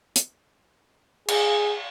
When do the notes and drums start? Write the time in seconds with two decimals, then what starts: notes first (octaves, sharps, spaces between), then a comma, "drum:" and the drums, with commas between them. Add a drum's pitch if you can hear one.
0.16 drum: hi-hat
1.28 G#4, drum: cymbal